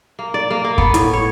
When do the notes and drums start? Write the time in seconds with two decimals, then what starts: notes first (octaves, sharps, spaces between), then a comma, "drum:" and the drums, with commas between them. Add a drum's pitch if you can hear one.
0.19 A#3
0.34 D5
0.50 A#3
0.64 A#3
0.78 B3, drum: kick
0.94 A2, drum: hi-hat
1.13 C#5